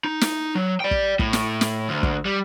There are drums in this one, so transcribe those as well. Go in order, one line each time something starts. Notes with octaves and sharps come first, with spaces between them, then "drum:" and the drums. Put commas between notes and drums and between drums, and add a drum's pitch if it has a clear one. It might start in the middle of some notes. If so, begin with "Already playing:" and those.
D#4
drum: snare
F#3
D5 G5
drum: kick
A2, drum: kick
drum: snare
drum: snare
D2
drum: kick
G3